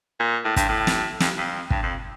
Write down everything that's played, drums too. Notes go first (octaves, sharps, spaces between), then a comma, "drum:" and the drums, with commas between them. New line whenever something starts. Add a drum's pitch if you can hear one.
A#2
A2
G2, drum: kick, hi-hat
A2
drum: snare
F2, drum: snare
F2
G2, drum: kick
F2